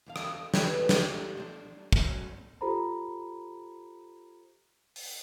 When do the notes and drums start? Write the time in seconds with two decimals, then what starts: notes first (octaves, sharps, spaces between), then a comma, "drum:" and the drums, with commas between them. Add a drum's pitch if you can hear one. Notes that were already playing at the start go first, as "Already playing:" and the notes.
0.06 E2 D4 F5
0.16 drum: rim click
0.54 E3 B3, drum: snare
0.89 D3 F4, drum: snare
1.37 D4 C5
1.92 F#3 C#4, drum: kick
2.61 F4 G4 A4 C5 A#5 B5
4.96 drum: open hi-hat